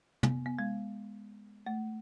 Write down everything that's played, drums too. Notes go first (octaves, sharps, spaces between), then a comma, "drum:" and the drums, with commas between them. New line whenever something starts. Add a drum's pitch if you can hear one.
B3, drum: tom
B3
G#3
A3